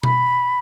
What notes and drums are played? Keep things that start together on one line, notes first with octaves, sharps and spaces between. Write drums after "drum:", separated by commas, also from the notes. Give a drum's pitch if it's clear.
B5, drum: tom B2